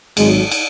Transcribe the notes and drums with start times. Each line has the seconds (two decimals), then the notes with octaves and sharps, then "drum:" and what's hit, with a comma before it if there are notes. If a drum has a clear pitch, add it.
0.17 G#1 G#2 F#3 G#3, drum: cymbal
0.51 drum: cymbal